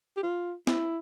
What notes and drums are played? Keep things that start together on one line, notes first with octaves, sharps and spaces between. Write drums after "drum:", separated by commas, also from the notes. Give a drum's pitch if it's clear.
G4
F4
E4, drum: snare